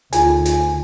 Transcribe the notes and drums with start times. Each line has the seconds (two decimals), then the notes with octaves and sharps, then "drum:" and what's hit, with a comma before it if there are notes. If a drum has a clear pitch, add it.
0.13 D2 D#4 F4 G#4 G#5, drum: hi-hat
0.45 drum: hi-hat